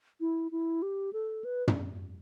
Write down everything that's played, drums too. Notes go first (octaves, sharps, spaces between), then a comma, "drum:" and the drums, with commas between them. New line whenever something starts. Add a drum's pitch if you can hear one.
E4
E4
G4
A4
B4
drum: tom